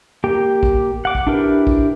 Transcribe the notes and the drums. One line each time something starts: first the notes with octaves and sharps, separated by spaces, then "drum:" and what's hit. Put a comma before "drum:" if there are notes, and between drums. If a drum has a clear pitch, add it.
A#3 G4 G5
drum: kick
F#5 D6
drum: kick
D4 E4 G4 A#4 B4
drum: kick